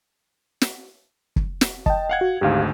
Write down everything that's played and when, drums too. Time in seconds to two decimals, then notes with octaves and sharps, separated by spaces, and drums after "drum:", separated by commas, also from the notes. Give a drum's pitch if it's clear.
0.61 drum: snare
1.36 drum: kick
1.61 drum: snare
1.86 D#5 G5 A5, drum: kick
2.10 F5 F#5 G#6
2.21 F#4
2.41 G#1 D2 G#2 G4 F5